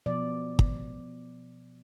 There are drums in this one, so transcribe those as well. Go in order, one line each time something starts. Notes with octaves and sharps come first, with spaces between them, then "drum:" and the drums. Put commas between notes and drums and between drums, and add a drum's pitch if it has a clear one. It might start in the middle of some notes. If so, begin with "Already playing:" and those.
B2 F3 D5
drum: kick